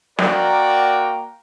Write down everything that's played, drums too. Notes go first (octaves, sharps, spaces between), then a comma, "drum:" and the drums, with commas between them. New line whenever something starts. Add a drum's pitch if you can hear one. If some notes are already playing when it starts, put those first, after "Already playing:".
A#3 F#4 A#4 D5 G5 A#5, drum: snare